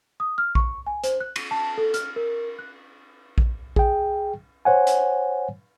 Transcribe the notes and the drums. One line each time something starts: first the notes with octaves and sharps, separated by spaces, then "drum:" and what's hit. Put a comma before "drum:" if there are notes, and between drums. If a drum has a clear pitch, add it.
D#6
F6
C#6, drum: kick A#1
G#5
C5, drum: hi-hat
F#6
D#7, drum: cymbal
A5
A4
F6, drum: hi-hat
A#4
F#6
drum: kick A#1
G#4 G5, drum: kick A#1
C5 C#5 F#5 G#5
drum: hi-hat